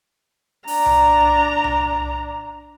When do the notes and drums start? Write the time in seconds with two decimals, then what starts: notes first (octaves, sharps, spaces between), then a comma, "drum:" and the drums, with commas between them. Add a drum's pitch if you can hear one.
0.68 D4 A#5, drum: open hi-hat
0.86 drum: tom C2
1.64 drum: tom C2